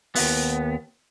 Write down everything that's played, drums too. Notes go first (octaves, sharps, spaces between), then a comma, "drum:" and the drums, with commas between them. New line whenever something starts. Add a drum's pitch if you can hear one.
D#2 B3, drum: open hi-hat